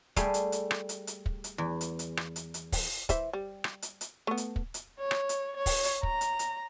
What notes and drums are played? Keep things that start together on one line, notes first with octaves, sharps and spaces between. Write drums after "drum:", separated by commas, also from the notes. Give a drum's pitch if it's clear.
G3 A3 G4 G#4, drum: kick, hi-hat
drum: hi-hat
drum: hi-hat
drum: rim click
drum: hi-hat
drum: hi-hat
drum: kick
drum: hi-hat
E2
drum: hi-hat
drum: hi-hat
drum: rim click
drum: hi-hat
drum: hi-hat
drum: kick, open hi-hat
E3 C5 E5, drum: kick, hi-hat
G3
drum: rim click
drum: hi-hat
drum: hi-hat
A3 B3
drum: hi-hat
drum: kick
drum: hi-hat
C#5
drum: rim click
drum: hi-hat
C#5
drum: kick, open hi-hat
drum: hi-hat
A#5, drum: kick
drum: hi-hat
drum: hi-hat